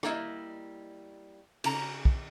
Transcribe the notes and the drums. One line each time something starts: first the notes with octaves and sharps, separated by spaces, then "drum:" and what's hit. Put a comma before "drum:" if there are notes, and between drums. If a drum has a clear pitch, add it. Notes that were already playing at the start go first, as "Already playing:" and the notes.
G3 A#3 E4 D#5, drum: rim click
C#3 A#5, drum: cymbal
drum: kick